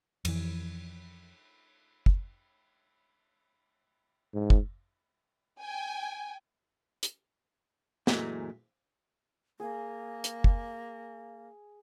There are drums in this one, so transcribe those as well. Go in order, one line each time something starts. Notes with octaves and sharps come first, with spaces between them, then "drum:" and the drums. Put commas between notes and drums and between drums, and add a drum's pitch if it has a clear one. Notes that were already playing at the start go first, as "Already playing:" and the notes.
F2 E3, drum: cymbal
drum: kick
G#2
drum: kick
G5 G#5
drum: hi-hat
F#2 A#2 E3 G#3 A3, drum: snare
A#3 G#4 G#5
drum: hi-hat
drum: kick